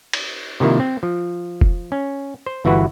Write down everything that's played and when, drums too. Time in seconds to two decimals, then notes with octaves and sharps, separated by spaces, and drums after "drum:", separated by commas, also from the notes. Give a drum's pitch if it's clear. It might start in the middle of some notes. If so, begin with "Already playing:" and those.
0.13 drum: cymbal
0.60 C3 D#3 F3 A#3 E4
0.80 C4
1.03 F3
1.61 drum: kick F1
1.92 C#4
2.46 C5
2.65 G1 E3 E4 F#4 B4